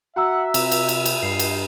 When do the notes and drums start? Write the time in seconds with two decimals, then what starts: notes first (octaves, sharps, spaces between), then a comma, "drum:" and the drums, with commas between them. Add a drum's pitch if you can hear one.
0.16 F#4 E5 F#5 A#5 E6
0.54 C3, drum: cymbal
0.72 drum: cymbal
0.89 drum: cymbal
1.06 drum: cymbal
1.22 G2 C7
1.39 drum: cymbal